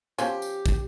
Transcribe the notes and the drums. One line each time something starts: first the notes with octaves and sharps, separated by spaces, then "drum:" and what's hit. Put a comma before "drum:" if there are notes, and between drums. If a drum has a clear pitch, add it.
F3 C#4 G4, drum: tambourine
drum: tambourine
drum: kick, tambourine